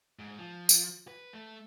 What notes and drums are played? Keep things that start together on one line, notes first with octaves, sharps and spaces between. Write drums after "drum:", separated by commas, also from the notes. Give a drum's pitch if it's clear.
G#2
F3
drum: tambourine
B4
A3